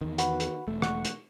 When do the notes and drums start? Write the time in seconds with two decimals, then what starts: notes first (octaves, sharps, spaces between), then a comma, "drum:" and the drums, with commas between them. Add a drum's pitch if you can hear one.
0.01 E2 D#3
0.18 F#4 B4, drum: hi-hat
0.40 drum: hi-hat
0.68 E1 A3
0.82 F#5 C#6, drum: rim click
1.05 drum: hi-hat